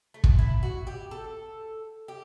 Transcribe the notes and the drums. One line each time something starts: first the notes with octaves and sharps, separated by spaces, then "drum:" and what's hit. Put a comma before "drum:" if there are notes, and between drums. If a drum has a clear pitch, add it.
A3
drum: kick
E4
F#4
G4
A4
G4